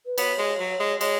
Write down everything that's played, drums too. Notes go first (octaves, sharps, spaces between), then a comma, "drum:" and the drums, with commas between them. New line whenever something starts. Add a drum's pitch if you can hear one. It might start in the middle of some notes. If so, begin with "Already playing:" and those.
B4
B3 C#5, drum: cymbal
G#3
F#3
G#3
G#3 C#5, drum: cymbal